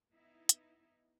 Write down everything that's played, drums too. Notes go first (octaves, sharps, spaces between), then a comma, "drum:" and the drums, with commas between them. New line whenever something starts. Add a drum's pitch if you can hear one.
B3 D#4 E4
drum: hi-hat